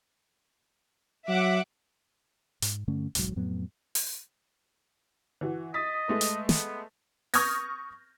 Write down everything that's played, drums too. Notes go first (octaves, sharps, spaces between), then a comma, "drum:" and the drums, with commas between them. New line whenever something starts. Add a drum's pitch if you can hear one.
F#3 E5 F#5 D6
G#2, drum: hi-hat
G2 D3 A3 C#4
E1 B1 G#2 F#3, drum: hi-hat
F2 A2 F#3 B3
drum: open hi-hat
E3 F#4
D#5 D#6 A6 B6
G#3 A3 B4
drum: hi-hat
B3, drum: snare
C#6 D#6 F6 G6 G#6 A#6, drum: open hi-hat